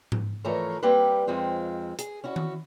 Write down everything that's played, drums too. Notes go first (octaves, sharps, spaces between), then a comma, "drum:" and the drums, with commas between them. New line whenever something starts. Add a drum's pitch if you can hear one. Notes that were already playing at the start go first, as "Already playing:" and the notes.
drum: tom G#2
E3 F3 A3 A#4 C#5 A#5
G3 A#3 C4 G4 B4
F2 G#3 C4 F4
G#4, drum: hi-hat
C#4 E4 F#4
drum: tom D#3